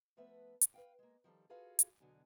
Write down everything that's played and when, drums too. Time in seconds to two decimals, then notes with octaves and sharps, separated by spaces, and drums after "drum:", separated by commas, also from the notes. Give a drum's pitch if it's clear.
0.17 F3 A3 B3 B4 E5
0.61 drum: hi-hat
0.74 B4 F5 G5
0.99 G#3 A#3
1.24 D#3 F3 G3 A4
1.49 F4 F#4 G#4 A4 B4 F5
1.79 drum: hi-hat
2.00 E2 B2 D3 F#3 D4 G#5